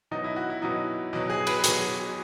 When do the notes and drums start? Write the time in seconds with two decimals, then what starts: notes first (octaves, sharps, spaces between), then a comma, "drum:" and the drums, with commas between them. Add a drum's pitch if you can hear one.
0.11 B2 F#3 D#4
0.24 E4
0.36 F#4
0.50 E4
0.62 B2 F#3 D#4
1.13 B2 F#3
1.30 G#4
1.47 B4, drum: cymbal
1.64 B2 F#3 G#4, drum: hi-hat